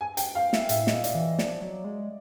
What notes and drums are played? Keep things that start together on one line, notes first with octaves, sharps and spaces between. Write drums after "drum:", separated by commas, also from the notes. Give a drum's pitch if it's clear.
G#5
G5, drum: hi-hat
F5
E5, drum: snare
A2 E5, drum: hi-hat
D#5, drum: snare
A#2
D5, drum: hi-hat
E3
F3 D5, drum: snare
F#3
G#3